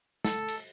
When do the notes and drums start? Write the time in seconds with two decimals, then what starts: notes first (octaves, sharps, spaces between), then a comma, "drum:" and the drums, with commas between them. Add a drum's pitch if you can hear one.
0.25 A4, drum: snare
0.48 drum: cymbal